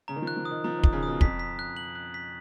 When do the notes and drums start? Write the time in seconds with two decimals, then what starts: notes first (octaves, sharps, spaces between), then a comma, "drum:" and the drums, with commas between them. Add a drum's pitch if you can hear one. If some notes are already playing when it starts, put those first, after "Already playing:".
0.08 C#3 A#5
0.16 D#3
0.22 F3
0.27 F#6
0.37 F3
0.45 D#6
0.51 D#3
0.64 F3 A#5
0.79 D#3
0.83 D#6, drum: kick
0.93 C#3
1.03 B2 D#6
1.21 F2 B6, drum: kick
1.40 B6
1.59 F#6
1.77 F#7
1.95 F#6
2.14 B6